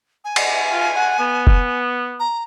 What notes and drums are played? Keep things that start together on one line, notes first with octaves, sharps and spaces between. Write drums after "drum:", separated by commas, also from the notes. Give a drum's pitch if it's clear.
G#5
drum: cymbal
F4
F#5
B3
drum: kick F1
A#5